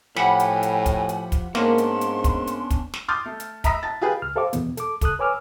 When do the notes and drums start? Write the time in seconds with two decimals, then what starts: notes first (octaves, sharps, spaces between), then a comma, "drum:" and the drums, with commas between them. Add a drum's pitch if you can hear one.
0.16 A2 F3 G4 F#5 G#5 B5, drum: snare
0.40 drum: hi-hat
0.63 drum: hi-hat
0.86 drum: kick, hi-hat
1.09 drum: hi-hat
1.32 drum: kick, hi-hat
1.55 G#2 A#3 B3 C#4 D4 C6, drum: snare
1.78 drum: hi-hat
2.01 drum: hi-hat
2.24 drum: kick, hi-hat
2.47 drum: hi-hat
2.70 drum: kick, hi-hat
2.94 drum: snare
3.08 C6 D6 D#6 F6 G6 A6
3.26 A3
3.40 drum: hi-hat
3.64 E5 A#5 B5 D#6 E6 B6, drum: kick, hi-hat
3.83 A5 A6
4.01 F4 G4 G#4 B4
4.22 C#2 F6
4.36 G4 A4 C5 E5 F5 D6
4.53 E2 B2 B3, drum: hi-hat
4.77 A4 D6, drum: hi-hat
5.01 C#2 A4 D#6 F#6, drum: kick, hi-hat
5.19 B4 C#5 G#5 D6 E6 F6